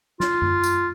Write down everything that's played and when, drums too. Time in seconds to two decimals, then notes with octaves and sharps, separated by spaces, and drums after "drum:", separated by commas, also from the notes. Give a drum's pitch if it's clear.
0.20 F4, drum: snare
0.42 drum: tom F#2
0.64 drum: tambourine